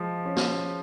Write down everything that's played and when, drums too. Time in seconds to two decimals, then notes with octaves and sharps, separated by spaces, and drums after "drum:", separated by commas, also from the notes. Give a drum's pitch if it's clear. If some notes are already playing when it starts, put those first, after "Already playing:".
Already playing: F3 G#3
0.26 C#4
0.36 drum: snare